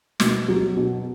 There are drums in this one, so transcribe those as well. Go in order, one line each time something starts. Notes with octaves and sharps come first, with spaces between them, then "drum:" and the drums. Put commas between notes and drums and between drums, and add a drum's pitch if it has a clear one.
B2, drum: snare
F#3
B2